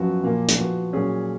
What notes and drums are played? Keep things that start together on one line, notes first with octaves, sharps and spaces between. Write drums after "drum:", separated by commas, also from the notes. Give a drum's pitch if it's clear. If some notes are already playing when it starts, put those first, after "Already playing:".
Already playing: F#2 F3 B3 F#4
A#2 F3 A#3
drum: hi-hat
F3 B3 F#4
A#2 F#3 C#4 G#4